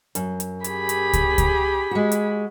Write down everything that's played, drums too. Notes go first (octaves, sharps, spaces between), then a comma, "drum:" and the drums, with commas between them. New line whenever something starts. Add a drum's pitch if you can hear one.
F#2, drum: hi-hat
drum: hi-hat
G4 G#4 B5, drum: hi-hat
drum: hi-hat
drum: kick C#2, hi-hat
drum: kick C#2, hi-hat
G#3 F#4
drum: hi-hat